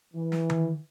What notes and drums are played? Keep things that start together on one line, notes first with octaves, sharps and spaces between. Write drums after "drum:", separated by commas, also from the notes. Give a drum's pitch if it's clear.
E3
drum: snare
drum: tom D#3